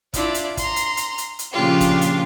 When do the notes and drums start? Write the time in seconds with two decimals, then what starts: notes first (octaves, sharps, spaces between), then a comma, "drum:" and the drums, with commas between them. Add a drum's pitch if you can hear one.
0.14 D4 E4 F4 D5, drum: kick, hi-hat
0.34 drum: hi-hat
0.57 A#5 C6, drum: kick, hi-hat
0.76 drum: hi-hat
0.97 drum: hi-hat
1.18 drum: hi-hat
1.39 drum: hi-hat
1.51 A#2 C#3 F3 D4 F4 G4
1.81 drum: kick, hi-hat
2.01 drum: hi-hat